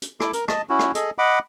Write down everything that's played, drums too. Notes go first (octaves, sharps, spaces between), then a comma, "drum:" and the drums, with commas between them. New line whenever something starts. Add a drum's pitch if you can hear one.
drum: hi-hat
E4 A4 D6, drum: rim click
A#4, drum: hi-hat
D#5 A5, drum: rim click
C#4 E4 F#4
drum: rim click
G#4 A4 D#5, drum: hi-hat
D#5 F#5 B5 D6